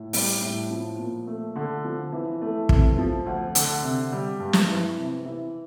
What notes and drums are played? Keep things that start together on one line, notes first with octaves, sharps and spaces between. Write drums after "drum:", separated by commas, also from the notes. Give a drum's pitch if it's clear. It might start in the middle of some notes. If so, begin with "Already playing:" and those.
Already playing: A2
G3, drum: open hi-hat
A2
F3
A#2
A3
D3
F3
E3
A3
C3, drum: kick
F3
D2
D3, drum: hi-hat
C3
G3
G2
drum: snare
E3
C3
E3